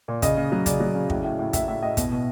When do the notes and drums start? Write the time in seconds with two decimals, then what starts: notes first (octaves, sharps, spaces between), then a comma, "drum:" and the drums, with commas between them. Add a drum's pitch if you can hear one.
0.08 A#2
0.22 C#3 D#5, drum: kick, hi-hat
0.37 C#3
0.52 F#3
0.66 C#3 D5, drum: kick, hi-hat
0.80 F#3
0.95 C#3
1.10 A2, drum: kick
1.24 A2
1.39 A2
1.53 A2 E5, drum: kick, hi-hat
1.68 A2 E5
1.82 A2 D#5
1.97 B2, drum: kick, hi-hat
2.12 B2